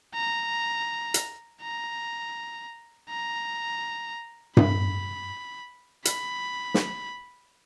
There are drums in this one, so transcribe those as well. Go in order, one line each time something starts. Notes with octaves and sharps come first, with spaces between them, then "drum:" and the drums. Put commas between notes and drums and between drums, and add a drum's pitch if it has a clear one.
A#5
drum: hi-hat
A#5
A#5
B5, drum: tom G2
B5, drum: hi-hat
drum: snare